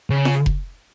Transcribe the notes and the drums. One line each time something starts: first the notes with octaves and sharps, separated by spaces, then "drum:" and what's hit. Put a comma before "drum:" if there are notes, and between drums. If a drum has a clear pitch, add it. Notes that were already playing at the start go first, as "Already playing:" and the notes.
C#3
drum: snare F4
drum: kick F1